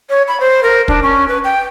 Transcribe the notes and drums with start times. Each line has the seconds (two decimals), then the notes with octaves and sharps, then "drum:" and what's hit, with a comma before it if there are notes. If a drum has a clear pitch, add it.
0.10 C#5
0.28 B5
0.40 C5
0.63 A#4
0.88 D4, drum: kick
1.03 C#4
1.29 B4
1.44 G5